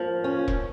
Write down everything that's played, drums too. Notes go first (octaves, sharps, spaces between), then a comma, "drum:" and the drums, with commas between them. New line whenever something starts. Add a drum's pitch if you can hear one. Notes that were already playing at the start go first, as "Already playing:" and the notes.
Already playing: F3 A#3
C#4
drum: kick E1